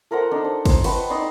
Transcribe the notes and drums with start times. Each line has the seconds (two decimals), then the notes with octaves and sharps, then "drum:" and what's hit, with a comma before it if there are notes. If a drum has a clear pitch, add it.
0.11 A4 A#4 C5 F#5
0.31 D4 D#4 A4
0.44 C5
0.65 C5, drum: kick, cymbal
0.84 B4 F#5 G5 C#6, drum: cymbal
1.10 D#4 D5 C6